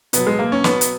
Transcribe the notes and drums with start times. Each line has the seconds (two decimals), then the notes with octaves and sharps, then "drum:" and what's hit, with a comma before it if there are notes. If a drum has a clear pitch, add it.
0.13 B2 F#3 B3, drum: hi-hat
0.27 G#3
0.39 A#3
0.52 C#4
0.64 B3, drum: snare
0.81 drum: hi-hat